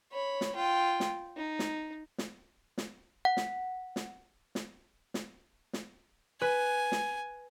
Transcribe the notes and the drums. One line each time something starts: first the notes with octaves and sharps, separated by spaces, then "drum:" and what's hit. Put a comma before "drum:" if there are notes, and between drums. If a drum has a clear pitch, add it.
C#5 B5
drum: snare
F4 G5
drum: snare
D#4
drum: snare
drum: snare
drum: snare
F#5
drum: snare
drum: snare
drum: snare
drum: snare
drum: snare
B4 G#5
drum: snare